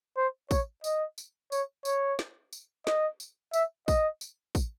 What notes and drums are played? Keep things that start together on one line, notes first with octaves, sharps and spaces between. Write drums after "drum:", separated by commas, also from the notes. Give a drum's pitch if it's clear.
C5
C#5, drum: kick, tambourine
D#5, drum: tambourine
drum: tambourine
C#5, drum: tambourine
C#5, drum: tambourine
drum: snare
drum: tambourine
D#5, drum: snare
drum: tambourine
E5, drum: tambourine
D#5, drum: kick, tambourine
drum: tambourine
drum: kick, tambourine